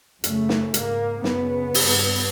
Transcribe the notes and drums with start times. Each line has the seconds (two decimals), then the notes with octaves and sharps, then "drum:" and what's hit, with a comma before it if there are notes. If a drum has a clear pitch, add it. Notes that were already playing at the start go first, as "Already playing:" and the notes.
0.24 F#2 C#3 A3, drum: hi-hat
0.49 drum: snare
0.74 G#2 A#3, drum: hi-hat
1.24 F#2 C#3 B3, drum: snare
1.74 G2, drum: open hi-hat